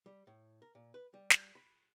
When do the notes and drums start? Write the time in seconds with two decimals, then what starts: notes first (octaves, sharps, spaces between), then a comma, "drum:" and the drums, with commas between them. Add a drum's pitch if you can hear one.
0.06 G3
0.27 A2
0.62 A#4
0.75 A#2
0.94 B4
1.14 G3
1.30 drum: snare
1.55 B5